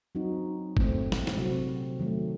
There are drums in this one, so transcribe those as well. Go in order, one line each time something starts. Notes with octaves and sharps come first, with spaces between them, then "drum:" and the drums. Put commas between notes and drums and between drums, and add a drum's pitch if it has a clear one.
F#3 C4 D#4 F#4
A#2 A3 C4, drum: kick G1
drum: snare
drum: snare
C3 F#3 C4 F#4
D#3 F#3 A3